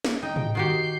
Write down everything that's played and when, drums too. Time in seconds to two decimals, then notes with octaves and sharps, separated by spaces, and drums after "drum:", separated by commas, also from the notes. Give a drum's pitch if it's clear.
0.04 drum: snare
0.23 D#4 G5
0.36 drum: tom
0.55 D#3 F#4 G4 G6 C7